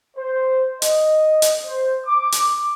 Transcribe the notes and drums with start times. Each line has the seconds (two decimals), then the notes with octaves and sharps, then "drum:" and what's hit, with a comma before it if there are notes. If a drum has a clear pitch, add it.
0.17 C5
0.82 D#5, drum: hi-hat
1.42 drum: hi-hat
1.66 C5
2.06 D6
2.32 drum: hi-hat